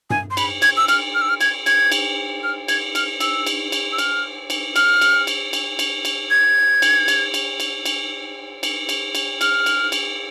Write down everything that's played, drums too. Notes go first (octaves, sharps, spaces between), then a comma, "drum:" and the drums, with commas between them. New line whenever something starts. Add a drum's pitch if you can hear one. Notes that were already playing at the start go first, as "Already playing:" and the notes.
G#5, drum: tom G2
C6
B5, drum: cymbal
G#6, drum: cymbal
E6
F6, drum: cymbal
F6
E6
F6
G#6, drum: cymbal
G#6, drum: cymbal
drum: cymbal
F6
G#6, drum: cymbal
F6, drum: cymbal
E6, drum: cymbal
drum: cymbal
drum: cymbal
E6
F6, drum: cymbal
drum: cymbal
F6, drum: cymbal
drum: cymbal
drum: cymbal
drum: cymbal
drum: cymbal
drum: cymbal
G#6
drum: cymbal
drum: cymbal
drum: cymbal
drum: cymbal
drum: cymbal
drum: cymbal
drum: cymbal
drum: cymbal
F6, drum: cymbal
drum: cymbal
drum: cymbal